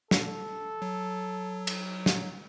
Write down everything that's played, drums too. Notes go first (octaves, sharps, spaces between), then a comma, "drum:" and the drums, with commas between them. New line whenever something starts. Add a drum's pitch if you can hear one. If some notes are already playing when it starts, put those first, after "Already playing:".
A4, drum: snare
F#3
drum: cymbal
drum: snare